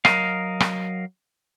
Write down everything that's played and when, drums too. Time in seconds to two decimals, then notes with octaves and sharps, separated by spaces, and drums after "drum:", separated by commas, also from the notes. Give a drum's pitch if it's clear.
0.05 F#3 A#4 D#5 F5, drum: rim click
0.60 drum: rim click